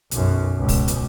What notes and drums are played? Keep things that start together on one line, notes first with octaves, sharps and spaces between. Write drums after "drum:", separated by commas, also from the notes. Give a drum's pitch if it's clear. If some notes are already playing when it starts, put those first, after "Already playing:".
B1 F#2, drum: hi-hat
C#2 B2
drum: kick, open hi-hat
drum: hi-hat